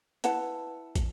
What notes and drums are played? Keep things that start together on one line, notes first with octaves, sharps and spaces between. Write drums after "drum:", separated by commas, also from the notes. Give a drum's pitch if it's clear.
E4 B4 F#5 A5, drum: hi-hat
drum: kick, hi-hat